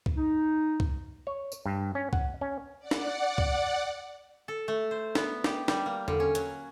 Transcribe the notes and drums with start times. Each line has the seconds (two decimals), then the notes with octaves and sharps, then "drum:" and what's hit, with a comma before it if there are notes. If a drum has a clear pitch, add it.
0.06 drum: kick
0.16 D#4
0.80 drum: kick
1.27 C#5
1.52 drum: tambourine
1.66 G2
1.95 C#4
2.13 F#5, drum: kick
2.41 C#4
2.79 D5 F#5
2.91 drum: snare
3.38 drum: kick
4.48 A4
4.68 A3
4.91 C5
5.15 B3, drum: snare
5.44 G4, drum: snare
5.68 G3, drum: snare
5.86 A#3
6.08 D3, drum: tom E2
6.20 C#4
6.35 F#3, drum: hi-hat